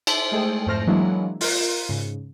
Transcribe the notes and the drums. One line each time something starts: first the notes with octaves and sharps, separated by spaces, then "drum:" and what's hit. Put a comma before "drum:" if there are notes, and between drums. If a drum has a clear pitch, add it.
C5 E5 A5 C6, drum: cymbal
G#3 A3 G#4 A4 C5 G5
F2 G#2 A3 C5 F6 A#6
E3 F#3 G#3 A#3 D4 E4
F4 A#4, drum: open hi-hat
G#2 C#3